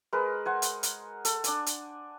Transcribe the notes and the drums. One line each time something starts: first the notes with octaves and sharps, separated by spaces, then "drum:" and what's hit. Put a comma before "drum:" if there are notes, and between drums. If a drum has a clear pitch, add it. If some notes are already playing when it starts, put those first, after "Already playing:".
G#3 G#4 A#4 B4
C5 F#5 G#5
drum: hi-hat
drum: hi-hat
A4, drum: hi-hat
D4 D5 G#5, drum: hi-hat
drum: hi-hat